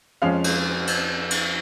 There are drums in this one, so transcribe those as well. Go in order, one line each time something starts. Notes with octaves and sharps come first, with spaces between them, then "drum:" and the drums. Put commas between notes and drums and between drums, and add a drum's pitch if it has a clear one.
F2 F3 G#3 C#4 F5
drum: cymbal
drum: cymbal
drum: cymbal